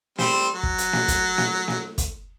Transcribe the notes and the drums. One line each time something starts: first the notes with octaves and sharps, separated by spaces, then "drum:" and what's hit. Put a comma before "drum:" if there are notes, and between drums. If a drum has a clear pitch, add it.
G3 C4 C5, drum: snare
F#3
drum: kick
drum: hi-hat
drum: snare
drum: kick, hi-hat
drum: snare
drum: snare
drum: kick, hi-hat